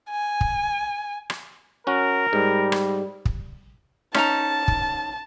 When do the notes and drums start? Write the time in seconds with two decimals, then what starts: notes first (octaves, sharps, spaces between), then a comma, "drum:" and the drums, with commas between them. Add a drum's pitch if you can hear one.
0.10 G#5
0.41 drum: kick
1.30 drum: rim click
1.87 C#4 F#4 A#4
2.33 G#2 G3
2.72 drum: rim click
3.25 drum: kick
4.14 C#4 D#4 A5 A#5, drum: rim click
4.68 drum: kick